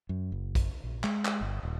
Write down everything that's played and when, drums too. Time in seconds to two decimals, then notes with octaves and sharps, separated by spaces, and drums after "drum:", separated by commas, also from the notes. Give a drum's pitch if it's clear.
0.09 F#2
0.32 F#1
0.55 drum: kick A#1, hi-hat
0.84 A#1
1.04 G#3, drum: clap
1.25 drum: clap
1.41 G1
1.63 D#1